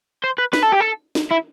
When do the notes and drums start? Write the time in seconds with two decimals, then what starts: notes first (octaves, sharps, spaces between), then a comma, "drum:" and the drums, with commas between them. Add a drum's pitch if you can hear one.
0.24 C5
0.39 B4
0.53 B4, drum: snare
0.63 A4
0.73 G4
0.81 A4
1.15 drum: snare
1.31 E4